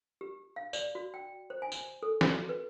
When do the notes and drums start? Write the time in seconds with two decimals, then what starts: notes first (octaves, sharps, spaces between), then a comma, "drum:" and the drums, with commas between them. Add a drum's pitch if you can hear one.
0.21 G4
0.56 F5
0.73 D5, drum: tambourine
0.95 F#4
1.14 G5
1.50 C5
1.62 G#5
1.72 drum: tambourine
2.03 A4
2.21 drum: snare
2.34 F#4
2.49 B4